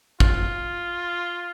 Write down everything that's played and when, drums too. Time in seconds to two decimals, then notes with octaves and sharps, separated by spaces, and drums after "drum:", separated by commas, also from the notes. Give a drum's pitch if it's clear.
0.20 F4, drum: kick